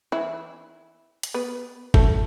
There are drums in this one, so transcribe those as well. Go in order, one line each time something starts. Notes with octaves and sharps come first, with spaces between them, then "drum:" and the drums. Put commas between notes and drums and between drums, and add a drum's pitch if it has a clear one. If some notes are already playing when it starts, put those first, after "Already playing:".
E3 E4
drum: hi-hat
B3 B4
A3 A4, drum: kick